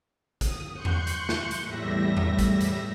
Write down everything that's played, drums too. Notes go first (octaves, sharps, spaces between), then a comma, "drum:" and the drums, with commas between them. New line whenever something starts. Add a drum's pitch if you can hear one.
D#6, drum: kick, hi-hat
C6 C#6 F#6 G6 C#7
drum: tom E2
drum: hi-hat
drum: snare
drum: hi-hat
E2 A2 G3 E5 A#6
drum: tom E2
drum: kick, hi-hat
drum: hi-hat